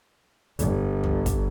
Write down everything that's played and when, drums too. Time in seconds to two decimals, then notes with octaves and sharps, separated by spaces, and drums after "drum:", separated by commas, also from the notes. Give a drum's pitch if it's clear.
0.59 G1, drum: hi-hat
1.04 drum: tom
1.26 drum: kick, hi-hat